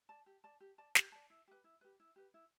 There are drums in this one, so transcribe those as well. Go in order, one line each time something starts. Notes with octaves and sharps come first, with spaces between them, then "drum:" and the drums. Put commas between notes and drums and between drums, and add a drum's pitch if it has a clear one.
D5 A5
G4
D5 A5
G4
D5 A5
G4, drum: snare
D5 A5
E4
G4 B4
E4
G4 B4
E4
G4 B4
E4